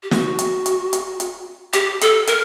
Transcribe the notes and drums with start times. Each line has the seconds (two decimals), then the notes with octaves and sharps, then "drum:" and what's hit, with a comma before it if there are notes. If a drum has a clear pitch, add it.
0.03 G4
0.11 F#4, drum: snare
0.39 drum: hi-hat
0.66 drum: hi-hat
0.93 drum: hi-hat
1.20 drum: hi-hat
1.73 G4, drum: hi-hat
2.01 A4, drum: hi-hat
2.27 A#4, drum: hi-hat